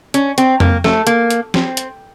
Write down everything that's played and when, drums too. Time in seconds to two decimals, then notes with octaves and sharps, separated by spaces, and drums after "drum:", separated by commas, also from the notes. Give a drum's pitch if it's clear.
0.14 C#4, drum: hi-hat
0.38 C4, drum: hi-hat
0.60 A#3, drum: tom F2
0.84 A3, drum: snare
1.07 A#3, drum: hi-hat
1.30 drum: hi-hat
1.54 C4, drum: snare
1.77 drum: hi-hat